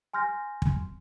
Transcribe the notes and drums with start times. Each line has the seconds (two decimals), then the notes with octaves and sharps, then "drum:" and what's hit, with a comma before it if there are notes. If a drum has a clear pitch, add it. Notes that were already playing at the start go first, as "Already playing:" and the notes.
0.13 G#5 C6 F6 G6 A#6
0.62 drum: kick